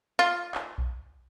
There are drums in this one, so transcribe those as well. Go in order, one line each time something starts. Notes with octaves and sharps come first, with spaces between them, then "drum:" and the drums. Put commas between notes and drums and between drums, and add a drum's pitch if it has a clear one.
F4
drum: clap
drum: kick B1